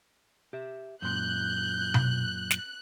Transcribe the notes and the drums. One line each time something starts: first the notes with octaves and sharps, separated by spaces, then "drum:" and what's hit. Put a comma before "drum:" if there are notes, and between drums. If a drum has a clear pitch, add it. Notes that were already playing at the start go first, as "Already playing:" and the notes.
G4 E5
F#2 A#2 C6 F#6 G6
drum: tom B2
drum: snare